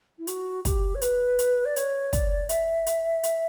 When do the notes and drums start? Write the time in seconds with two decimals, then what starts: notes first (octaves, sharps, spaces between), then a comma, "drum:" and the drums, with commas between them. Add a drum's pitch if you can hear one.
0.19 E4
0.27 F#4, drum: hi-hat
0.65 G4, drum: kick, hi-hat
0.95 C#5
1.01 B4, drum: hi-hat
1.39 drum: hi-hat
1.65 D5
1.76 C#5, drum: hi-hat
2.13 D5, drum: kick, hi-hat
2.49 E5, drum: hi-hat
2.86 drum: hi-hat
3.23 drum: hi-hat